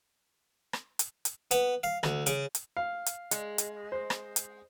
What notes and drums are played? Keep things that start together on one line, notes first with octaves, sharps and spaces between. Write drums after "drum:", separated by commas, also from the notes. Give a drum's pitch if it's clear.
drum: rim click
drum: hi-hat
drum: hi-hat
B3, drum: hi-hat
F5
D2, drum: rim click
C#3, drum: hi-hat
drum: hi-hat
F5
drum: hi-hat
G#3, drum: hi-hat
drum: hi-hat
C5
drum: rim click
drum: hi-hat